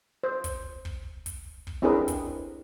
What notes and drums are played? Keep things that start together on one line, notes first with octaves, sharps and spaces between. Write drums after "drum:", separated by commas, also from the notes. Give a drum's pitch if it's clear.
C5
drum: kick, hi-hat
drum: kick
drum: kick, hi-hat
drum: kick
C4 D4 E4 G#4 A#4 B4
drum: kick, hi-hat